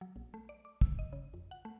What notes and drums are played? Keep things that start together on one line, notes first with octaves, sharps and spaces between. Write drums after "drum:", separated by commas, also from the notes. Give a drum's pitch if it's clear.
F#3
A#1
A3
D5
D6
E6, drum: kick
D#5
C#3
F2
F#5
A3